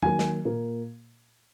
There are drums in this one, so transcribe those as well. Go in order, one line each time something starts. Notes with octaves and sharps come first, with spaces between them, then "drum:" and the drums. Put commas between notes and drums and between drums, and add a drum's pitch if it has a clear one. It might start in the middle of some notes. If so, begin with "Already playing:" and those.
D#3 F#3 A#3 G#5, drum: tom E2
drum: snare
A#2 A#3